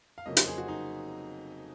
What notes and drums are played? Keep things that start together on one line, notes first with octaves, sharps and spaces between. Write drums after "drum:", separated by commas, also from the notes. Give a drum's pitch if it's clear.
F5
F1 F2 C#3 F#3 A#3 D#5
C5, drum: hi-hat
G#4
F#4
D#4